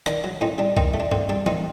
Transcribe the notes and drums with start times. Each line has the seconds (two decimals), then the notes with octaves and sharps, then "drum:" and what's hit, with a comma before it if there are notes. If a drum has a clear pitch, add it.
0.06 D#3 D4, drum: rim click
0.24 F#3
0.41 A2 C4 D#4
0.58 G3 D4
0.77 D#3 C4 D#4, drum: kick C2
0.94 A3
1.00 D4
1.11 D3 C4, drum: tom G2
1.29 G3 D4
1.46 A#2 C4 D#4, drum: tom